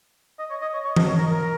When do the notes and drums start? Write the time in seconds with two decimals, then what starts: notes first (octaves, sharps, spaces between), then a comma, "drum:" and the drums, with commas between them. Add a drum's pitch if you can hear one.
0.39 D#5
0.50 C#5
0.62 D#5
0.74 C#5
0.85 C#5
0.96 D#5, drum: tom E3
1.08 C#5
1.19 A#4
1.31 A#4